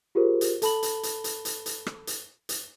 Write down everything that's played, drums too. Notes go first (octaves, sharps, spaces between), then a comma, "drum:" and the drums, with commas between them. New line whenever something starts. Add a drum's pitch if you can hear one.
F4 G4 G#4 A#4 C5
drum: hi-hat
A4 A5 B5 F#7, drum: hi-hat
drum: hi-hat
drum: hi-hat
drum: hi-hat
drum: hi-hat
drum: hi-hat
drum: rim click
drum: hi-hat
drum: hi-hat